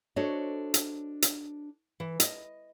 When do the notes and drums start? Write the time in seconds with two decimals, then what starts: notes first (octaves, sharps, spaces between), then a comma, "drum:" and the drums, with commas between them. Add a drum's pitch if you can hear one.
0.16 D4 F#4 A4 C5 C#5 D#5
0.74 drum: hi-hat
1.22 drum: hi-hat
2.00 E3
2.20 D#5, drum: hi-hat